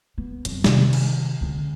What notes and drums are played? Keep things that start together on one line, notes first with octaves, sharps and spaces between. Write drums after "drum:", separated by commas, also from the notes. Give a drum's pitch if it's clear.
B3
F2 F#3, drum: hi-hat
C3 D#3, drum: snare
drum: cymbal
C#2 D3